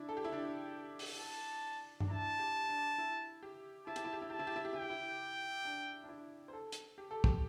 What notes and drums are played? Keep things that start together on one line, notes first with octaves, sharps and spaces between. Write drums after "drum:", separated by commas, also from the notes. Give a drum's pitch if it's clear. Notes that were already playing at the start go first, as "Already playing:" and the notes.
Already playing: D4 E4
A4
G4
E4
D4 G5
drum: open hi-hat
A5
D4, drum: tom G2
E4 A5
G4
D4
E4
G4
E4 A5
G4, drum: hi-hat
E4
G4
E4
G4 A5
E4
G4
E4
G4
E4 G5
G4
E4
D4
D4
E4
C5
A4
drum: hi-hat
G4
A4
G4, drum: kick